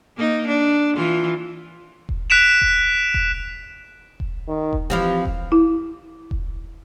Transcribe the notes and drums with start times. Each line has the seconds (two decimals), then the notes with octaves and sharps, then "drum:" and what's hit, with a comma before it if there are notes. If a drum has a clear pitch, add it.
0.17 A#3 D#4
0.47 D4
0.96 E3 F4
2.09 drum: kick E1
2.30 F#6 B6 D7 E7 F7
2.62 drum: kick E1
3.14 drum: kick E1
4.20 drum: kick E1
4.48 D#3
4.73 drum: kick E1
4.90 E3 F3 C4 G4
5.25 drum: kick E1
5.52 E4
6.31 drum: kick E1